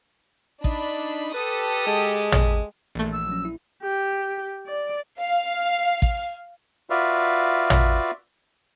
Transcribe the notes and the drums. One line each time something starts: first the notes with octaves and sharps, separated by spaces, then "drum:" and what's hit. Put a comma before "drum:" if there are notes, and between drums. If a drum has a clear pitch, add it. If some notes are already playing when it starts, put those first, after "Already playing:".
D4 D#4 B5, drum: kick A1
G4 A4 B4 D#6
G#3
drum: tom
A#1 E3 A3
E6
F3 F#3 C#4
E4
G4
D5
F5
drum: kick A1
F4 F#4 B4 D5 E5 F5
drum: tom